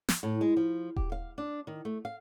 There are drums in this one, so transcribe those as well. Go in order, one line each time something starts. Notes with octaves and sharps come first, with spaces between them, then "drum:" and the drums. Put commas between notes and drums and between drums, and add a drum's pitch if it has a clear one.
drum: snare
A2
G#3
F3
G4, drum: kick D#1
F5
D4
D#3
A3
F5